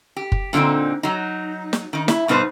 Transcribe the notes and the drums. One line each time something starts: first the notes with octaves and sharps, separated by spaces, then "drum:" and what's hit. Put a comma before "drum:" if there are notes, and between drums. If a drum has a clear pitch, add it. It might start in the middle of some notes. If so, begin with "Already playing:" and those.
G4
drum: kick
A#2 D3 G#3 C4 D#4
F#3 D#4
drum: snare
D#3 D#4
E4, drum: snare
G2 B2 D#4 B4 C5